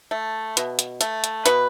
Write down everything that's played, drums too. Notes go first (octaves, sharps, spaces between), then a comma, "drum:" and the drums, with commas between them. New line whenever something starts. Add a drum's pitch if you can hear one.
A3
B2, drum: hi-hat
drum: hi-hat
A3, drum: hi-hat
drum: hi-hat
B2 B4, drum: hi-hat